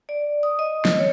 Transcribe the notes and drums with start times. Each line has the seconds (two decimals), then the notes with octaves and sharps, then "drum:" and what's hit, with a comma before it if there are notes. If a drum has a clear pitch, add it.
0.09 D5
0.43 D#6
0.59 D#5
0.85 drum: snare
0.99 C#5